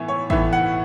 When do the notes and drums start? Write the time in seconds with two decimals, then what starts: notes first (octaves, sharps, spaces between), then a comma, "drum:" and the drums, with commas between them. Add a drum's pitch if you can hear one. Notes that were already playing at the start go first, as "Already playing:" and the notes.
Already playing: A2 E3 B3 E5 G#5
0.08 C#5
0.30 A2 E3 B3 E5, drum: kick
0.53 F#5